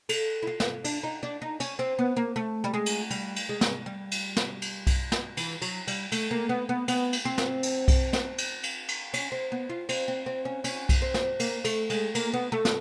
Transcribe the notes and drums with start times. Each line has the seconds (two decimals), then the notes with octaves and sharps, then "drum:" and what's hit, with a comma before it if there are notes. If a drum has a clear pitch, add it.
0.09 A4, drum: cymbal
0.42 E4
0.47 F4
0.60 drum: snare
0.84 D4, drum: cymbal
1.03 D#4
1.23 D4
1.42 D#4
1.60 C#4, drum: cymbal
1.79 C4
1.99 B3
2.17 A#3
2.36 A3
2.64 G3
2.74 G#3
2.86 drum: cymbal
3.11 G3, drum: cymbal
3.36 drum: cymbal
3.49 G#3
3.61 drum: snare
3.86 G3
4.11 drum: cymbal
4.36 drum: snare
4.62 drum: cymbal
4.87 drum: kick B1, cymbal
5.12 drum: snare
5.37 E3, drum: cymbal
5.62 F#3, drum: cymbal
5.87 G3, drum: cymbal
6.12 A3, drum: cymbal
6.31 A#3
6.49 B3
6.69 B3
6.88 B3, drum: cymbal
7.13 drum: cymbal
7.25 C4
7.38 drum: snare
7.63 drum: cymbal
7.88 drum: kick B1, cymbal
8.13 drum: snare
8.38 drum: cymbal
8.63 drum: cymbal
8.88 drum: cymbal
9.14 C#4, drum: cymbal
9.32 C4
9.52 B3
9.70 F4
9.89 C4, drum: cymbal
10.08 C4
10.26 C4
10.45 C#4
10.64 C#4, drum: cymbal
10.89 drum: kick B1, cymbal
11.02 C4
11.14 drum: snare
11.40 A#3, drum: cymbal
11.64 A3, drum: cymbal
11.90 G#3, drum: cymbal
12.15 A#3, drum: cymbal
12.34 B3
12.52 A3
12.65 drum: snare